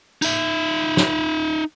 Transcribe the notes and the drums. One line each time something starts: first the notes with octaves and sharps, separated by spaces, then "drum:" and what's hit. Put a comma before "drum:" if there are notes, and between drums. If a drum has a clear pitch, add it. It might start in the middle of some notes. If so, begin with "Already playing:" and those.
D#4 E5, drum: tambourine
drum: snare